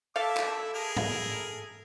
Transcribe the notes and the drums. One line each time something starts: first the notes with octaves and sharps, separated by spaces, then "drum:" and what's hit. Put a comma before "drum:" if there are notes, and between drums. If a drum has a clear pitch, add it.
E4 A4 E5 F5 A5 D6
drum: clap
E4 G#4 A#4
drum: tom G#2